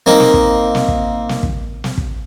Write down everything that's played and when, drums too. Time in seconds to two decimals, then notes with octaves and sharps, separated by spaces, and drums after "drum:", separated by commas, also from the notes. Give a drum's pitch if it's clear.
0.06 A#3 C4 D#4
0.20 drum: snare
0.34 drum: kick
0.75 drum: snare
0.88 drum: kick
1.29 drum: snare
1.43 drum: kick
1.84 drum: snare
1.98 drum: kick